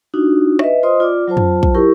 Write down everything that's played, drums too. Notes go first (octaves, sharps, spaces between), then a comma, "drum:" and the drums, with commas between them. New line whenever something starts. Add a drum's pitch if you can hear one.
D4 D#4 F4 F#4
B4 D#5 E5, drum: rim click
F4 C5 D#5 C6 D#6
F4 D5 D6
F#3 F4 C5 A5
drum: tom F2
drum: kick
E4 G4 A#4 C#6